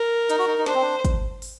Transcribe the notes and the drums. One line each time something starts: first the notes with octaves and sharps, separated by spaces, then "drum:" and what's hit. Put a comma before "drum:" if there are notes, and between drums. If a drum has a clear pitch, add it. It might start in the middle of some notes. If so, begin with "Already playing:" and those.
Already playing: A#4
D#4, drum: hi-hat
F#4
D#4
D#4
D4 C5, drum: snare
C4
D4
drum: kick, hi-hat
drum: open hi-hat